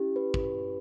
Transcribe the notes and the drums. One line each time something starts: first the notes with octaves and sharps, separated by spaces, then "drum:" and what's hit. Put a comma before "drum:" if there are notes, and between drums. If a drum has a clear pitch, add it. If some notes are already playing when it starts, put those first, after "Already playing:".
Already playing: C#4 E4 G4
B4
drum: kick
B4